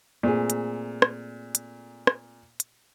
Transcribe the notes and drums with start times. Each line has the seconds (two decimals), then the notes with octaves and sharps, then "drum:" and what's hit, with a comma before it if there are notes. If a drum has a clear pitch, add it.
0.23 A#2 A3 C4 G#4
0.50 drum: hi-hat
1.02 drum: rim click
1.55 drum: hi-hat
2.07 drum: rim click
2.60 drum: hi-hat